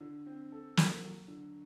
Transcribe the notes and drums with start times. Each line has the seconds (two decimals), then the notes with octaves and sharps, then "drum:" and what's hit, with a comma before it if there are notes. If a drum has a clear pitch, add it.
0.01 D3
0.26 C4
0.52 A4
0.77 F#3, drum: snare
1.04 F#3
1.28 D3